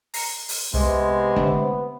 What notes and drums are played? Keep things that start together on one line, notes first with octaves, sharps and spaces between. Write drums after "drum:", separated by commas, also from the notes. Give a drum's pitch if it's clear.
A#5 C7 C#7, drum: open hi-hat
drum: open hi-hat
C2 C3 G#3 B3
D3 A3 D4, drum: kick